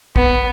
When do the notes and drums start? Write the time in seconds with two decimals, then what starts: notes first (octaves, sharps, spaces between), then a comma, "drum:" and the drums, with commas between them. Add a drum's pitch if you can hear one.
0.16 B3, drum: kick